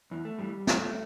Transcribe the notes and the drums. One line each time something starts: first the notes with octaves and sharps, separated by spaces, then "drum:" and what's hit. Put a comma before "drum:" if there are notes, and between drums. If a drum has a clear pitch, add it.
E2 E3
A3
G2 E3 G3
G2 E3 A3, drum: snare